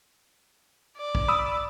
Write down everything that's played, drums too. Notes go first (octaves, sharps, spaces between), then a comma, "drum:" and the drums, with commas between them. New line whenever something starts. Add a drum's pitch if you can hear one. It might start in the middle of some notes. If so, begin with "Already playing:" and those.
D5
drum: kick
B5 D#6 E6